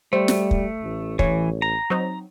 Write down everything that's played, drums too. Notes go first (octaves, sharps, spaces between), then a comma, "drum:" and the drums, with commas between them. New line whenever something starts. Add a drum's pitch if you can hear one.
G3 A3 C5
drum: snare
drum: kick
A1
E3 C#5, drum: kick
A#5
F#3 C4 D#4